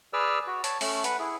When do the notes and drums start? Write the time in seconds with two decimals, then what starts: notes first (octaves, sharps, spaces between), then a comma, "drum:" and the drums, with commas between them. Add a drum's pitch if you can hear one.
0.13 G#4 B4 D5 E6 F6
0.47 F#4
0.64 C#5 A5, drum: hi-hat
0.81 A3 C#4, drum: open hi-hat
1.04 B4 F#5, drum: hi-hat
1.19 E4 G#4